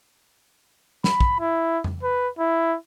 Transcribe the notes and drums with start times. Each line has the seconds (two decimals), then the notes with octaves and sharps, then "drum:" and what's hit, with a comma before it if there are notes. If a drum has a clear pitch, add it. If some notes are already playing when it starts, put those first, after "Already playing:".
1.04 B5, drum: snare
1.21 drum: kick
1.39 E4
1.84 drum: tom F2
2.03 B4
2.39 E4